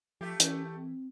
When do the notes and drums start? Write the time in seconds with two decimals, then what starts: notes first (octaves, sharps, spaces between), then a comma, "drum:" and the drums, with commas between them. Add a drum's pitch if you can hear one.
0.21 F3 A3 G4
0.40 E3 C#4, drum: hi-hat
0.75 C4